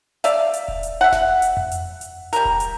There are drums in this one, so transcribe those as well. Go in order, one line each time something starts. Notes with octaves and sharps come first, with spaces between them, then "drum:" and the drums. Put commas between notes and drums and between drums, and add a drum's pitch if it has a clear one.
D5 E5 F5, drum: hi-hat
drum: hi-hat
drum: kick D#1
drum: hi-hat
E5 F#5
drum: snare F#1
drum: hi-hat
drum: tom F2
drum: hi-hat
drum: hi-hat
G3 A#4, drum: hi-hat
drum: kick D#1
drum: hi-hat